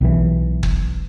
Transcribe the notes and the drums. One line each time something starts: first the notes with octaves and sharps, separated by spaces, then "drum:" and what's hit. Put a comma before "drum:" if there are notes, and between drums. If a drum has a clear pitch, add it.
B1 E3
drum: kick